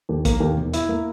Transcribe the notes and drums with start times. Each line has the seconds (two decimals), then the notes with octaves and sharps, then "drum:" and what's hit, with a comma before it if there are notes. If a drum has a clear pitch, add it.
0.09 D#2
0.25 A#3, drum: kick A#1, hi-hat
0.40 D#2
0.57 E1
0.73 E4, drum: hi-hat
0.89 A#3